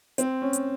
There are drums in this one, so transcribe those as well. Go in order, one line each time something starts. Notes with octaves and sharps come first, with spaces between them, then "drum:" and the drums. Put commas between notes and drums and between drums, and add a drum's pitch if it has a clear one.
C4, drum: hi-hat
C#4
drum: hi-hat